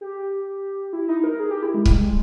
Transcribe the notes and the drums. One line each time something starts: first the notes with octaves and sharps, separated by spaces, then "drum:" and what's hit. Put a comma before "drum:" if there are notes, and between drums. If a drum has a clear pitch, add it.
G4
E4
D#4
A#4
G#4
G4
E4
G#3
G3, drum: kick C#1
G#3